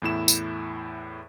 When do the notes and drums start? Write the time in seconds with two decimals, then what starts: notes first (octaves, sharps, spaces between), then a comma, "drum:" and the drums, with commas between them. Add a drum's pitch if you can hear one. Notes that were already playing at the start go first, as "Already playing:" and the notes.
0.02 E2 A2 E4 E7
0.28 drum: tambourine